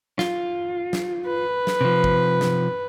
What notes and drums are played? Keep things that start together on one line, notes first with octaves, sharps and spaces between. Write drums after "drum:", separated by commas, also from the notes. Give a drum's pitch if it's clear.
F4, drum: snare
drum: snare
B4
drum: snare
C3 F3
drum: kick
drum: snare